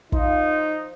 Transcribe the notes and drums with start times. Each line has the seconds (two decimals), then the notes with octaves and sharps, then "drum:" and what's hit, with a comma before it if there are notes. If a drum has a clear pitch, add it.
0.12 F3 D#4 C6, drum: kick